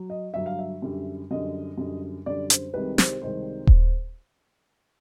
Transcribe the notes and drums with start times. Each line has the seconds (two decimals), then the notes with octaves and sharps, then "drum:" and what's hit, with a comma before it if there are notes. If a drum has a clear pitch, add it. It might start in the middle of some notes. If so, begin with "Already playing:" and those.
Already playing: F#3
0.10 D#5
0.34 G2 D3 F#3 E5
0.46 F5
0.59 E5
0.82 F#2 D3 G3
1.31 F#2 D3 G3 D#5
1.78 F#2 D3 G3
2.26 F#2 D3 G3 D5
2.50 C5, drum: hi-hat
2.73 C2 C3 D#3 G#3 B4
2.98 C5, drum: snare
3.22 C2 C3 D#3 G#3 C5
3.67 drum: kick D#1